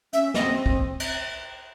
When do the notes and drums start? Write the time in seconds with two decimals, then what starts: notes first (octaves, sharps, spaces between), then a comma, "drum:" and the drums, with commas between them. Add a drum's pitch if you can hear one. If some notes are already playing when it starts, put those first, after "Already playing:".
0.13 C#4 E5, drum: hi-hat
0.34 C4 D#5, drum: snare
0.66 drum: kick
1.00 drum: cymbal